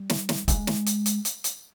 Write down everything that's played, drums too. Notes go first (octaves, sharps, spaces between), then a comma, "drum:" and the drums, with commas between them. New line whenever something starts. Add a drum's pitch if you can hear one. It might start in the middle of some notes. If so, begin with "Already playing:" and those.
Already playing: G3
drum: snare
drum: snare
G#3, drum: kick E1, hi-hat
drum: snare
drum: hi-hat
drum: hi-hat
drum: hi-hat
drum: hi-hat